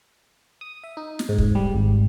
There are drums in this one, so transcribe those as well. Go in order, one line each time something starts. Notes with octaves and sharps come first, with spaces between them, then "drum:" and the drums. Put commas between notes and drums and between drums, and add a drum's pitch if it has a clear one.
D#6
E5
D#4
drum: snare
G#2
drum: kick
G3
G#1